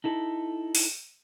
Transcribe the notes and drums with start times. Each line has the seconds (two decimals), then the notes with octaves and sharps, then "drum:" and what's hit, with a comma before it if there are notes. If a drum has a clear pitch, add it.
0.04 D#4 E4 A4
0.75 drum: open hi-hat